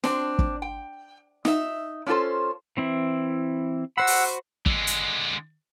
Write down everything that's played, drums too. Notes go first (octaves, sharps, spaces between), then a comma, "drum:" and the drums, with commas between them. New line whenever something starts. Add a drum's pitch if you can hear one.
C4 D4, drum: snare
drum: kick
G5
D#4 E5, drum: snare
C#4 D4 F4 F#4 A4 C5
E3 C4 E4
F#4 C5 F#5 B5 E6
drum: open hi-hat
D3 G#3, drum: kick
drum: hi-hat